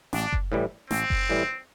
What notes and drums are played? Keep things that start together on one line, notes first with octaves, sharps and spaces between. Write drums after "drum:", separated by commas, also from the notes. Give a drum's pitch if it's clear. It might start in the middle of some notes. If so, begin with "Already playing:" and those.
A1 D4, drum: snare
drum: kick F#1
A2 E3 G3
A1 C4, drum: snare
drum: kick F#1
A2 E3 G3